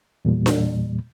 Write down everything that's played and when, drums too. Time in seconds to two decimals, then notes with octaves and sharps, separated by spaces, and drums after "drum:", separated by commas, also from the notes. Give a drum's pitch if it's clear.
0.25 E2 A#2 G3
0.46 drum: snare D4